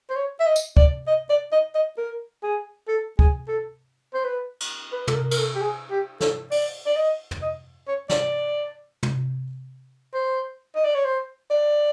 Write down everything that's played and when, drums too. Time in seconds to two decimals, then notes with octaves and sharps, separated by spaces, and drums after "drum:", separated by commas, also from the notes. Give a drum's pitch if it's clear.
0.10 C5
0.16 C#5
0.40 E5
0.46 D#5
0.56 drum: tambourine
0.77 D5, drum: kick
1.07 D#5
1.30 D5
1.52 D#5
1.75 D#5
1.97 A#4
2.43 G#4
2.88 A4
3.19 G#4, drum: kick
3.48 A4
4.14 C5
4.25 B4
4.60 drum: cymbal
4.93 B4
5.07 A4, drum: tom
5.15 A#4
5.31 A#4, drum: cymbal
5.38 A4
5.55 G4
5.61 G#4
5.91 G4
6.21 A4, drum: snare
6.51 D5, drum: open hi-hat
6.86 D5
6.96 D#5
7.31 drum: tom
7.42 D#5
7.88 C#5
8.10 D5, drum: snare
9.03 drum: tom
10.14 C5
10.75 D#5
10.85 D5
10.95 C#5
11.05 C5
11.51 D5